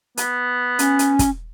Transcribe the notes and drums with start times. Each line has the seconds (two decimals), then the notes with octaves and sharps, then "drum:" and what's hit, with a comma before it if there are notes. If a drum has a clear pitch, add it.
0.17 B3, drum: hi-hat
0.79 C#4, drum: hi-hat
0.99 drum: hi-hat
1.19 drum: kick, hi-hat